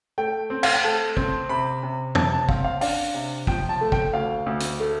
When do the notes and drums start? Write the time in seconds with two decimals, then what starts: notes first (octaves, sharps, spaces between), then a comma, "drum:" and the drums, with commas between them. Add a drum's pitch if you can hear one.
0.18 A3 G5
0.50 C4
0.63 F5, drum: cymbal
0.74 G5
0.84 A3 A5
1.17 C4, drum: kick
1.49 C3 B5
1.83 C3
2.15 C3 A5, drum: tom
2.33 A5
2.49 C4 F5, drum: kick
2.64 F5
2.81 D4 F5, drum: open hi-hat
3.14 C3
3.47 F3 G5, drum: kick
3.69 A5
3.81 A3
3.92 G5, drum: kick
4.14 D2 F5
4.46 D2
4.60 drum: hi-hat
4.80 A3